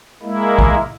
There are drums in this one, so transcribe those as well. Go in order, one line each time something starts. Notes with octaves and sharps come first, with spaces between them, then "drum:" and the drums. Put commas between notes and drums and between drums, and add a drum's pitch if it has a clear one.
G#3 A#3 E4
drum: kick